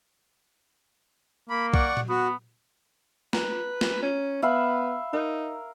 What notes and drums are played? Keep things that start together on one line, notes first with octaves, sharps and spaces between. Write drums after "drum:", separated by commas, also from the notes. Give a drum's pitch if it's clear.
A#3 B5
D5 F#5 C#6, drum: kick B1
drum: tom A#2
B3 F#4
B4 A#5, drum: snare
drum: snare
C#4
B3 E5 F5 B5
D#4 A#4